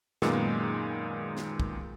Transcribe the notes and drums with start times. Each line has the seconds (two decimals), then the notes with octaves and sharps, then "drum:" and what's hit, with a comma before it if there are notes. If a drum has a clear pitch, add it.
0.22 F#2 A#2 D#3 G#3 B3, drum: snare
1.37 drum: snare
1.60 drum: kick